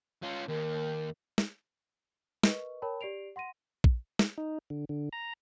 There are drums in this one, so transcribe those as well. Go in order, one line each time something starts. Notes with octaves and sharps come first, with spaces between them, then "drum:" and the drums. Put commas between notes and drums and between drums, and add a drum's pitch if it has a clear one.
C#4 F4
D#2 A#4
drum: snare
A#4 B4 D#5 C#6, drum: snare
A#4 C#5 G5 A5 B5
G4 D5 C7 D7 F7
F#5 C6 A#6 D#7
drum: kick
drum: snare
D#4
D3
D3
A#5